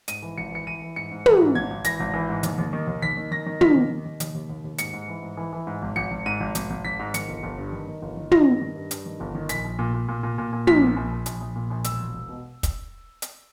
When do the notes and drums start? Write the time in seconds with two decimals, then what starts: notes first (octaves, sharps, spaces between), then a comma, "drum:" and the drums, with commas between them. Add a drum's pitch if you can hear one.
0.08 G#2 D#7, drum: hi-hat
0.22 E3
0.38 G#1 C#7
0.52 E3 C#7
0.67 E3 D#7
0.82 E3
0.96 G#2 C#7
1.11 G#2
1.26 E3, drum: tom
1.40 G#2
1.55 G#1 G#6
1.70 G#1
1.84 E3 A#6, drum: hi-hat
2.00 G#1
2.14 E3
2.29 G#2
2.43 D#2, drum: hi-hat
2.58 D#2
2.73 D#3
2.87 D#2
3.02 D#2 B6
3.17 D#3
3.31 D#3 A#6
3.46 D#3
3.61 D#3 B6, drum: tom
3.76 D#2
3.90 D#3
4.05 D#3
4.20 D#2, drum: hi-hat
4.35 D#2
4.49 D#2
4.64 D#2
4.78 G#2 C#7, drum: hi-hat
4.93 G#2
5.08 E3
5.23 G#2
5.37 E3
5.53 E3
5.67 G#2
5.82 G#1
5.96 G#1 C#7
6.11 G#1
6.26 G#2 D#7
6.40 G#1
6.55 G#1, drum: hi-hat
6.70 G#1
6.85 G#1 B6
6.99 G#2
7.14 D#3 C#7, drum: hi-hat
7.28 G1
7.43 G1
7.58 G2
7.72 D#3
7.88 D#3
8.02 G1
8.17 D#3
8.31 D#3 A#6, drum: tom
8.46 G2
8.61 D#3
8.76 G2
8.91 G2, drum: hi-hat
9.06 D#3
9.20 G1
9.35 D#3
9.49 A#1 B6, drum: hi-hat
9.65 A#1
9.79 A#2
9.94 A#2
10.08 A#2
10.23 A#2
10.38 A#2
10.53 A#2
10.67 A#1 B6, drum: tom
10.82 A#2
10.96 A#1
11.12 A#1
11.26 A#1, drum: hi-hat
11.40 A#1
11.56 A#2
11.70 A#1
11.84 E1 E6, drum: hi-hat
12.00 E1
12.14 E1
12.29 B2
12.63 drum: kick, hi-hat
13.22 drum: hi-hat